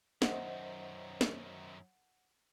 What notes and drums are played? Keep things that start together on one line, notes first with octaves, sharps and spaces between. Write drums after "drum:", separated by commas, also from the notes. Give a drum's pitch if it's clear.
F#2 D#3 C5 D#5 E5 F#5, drum: snare
drum: snare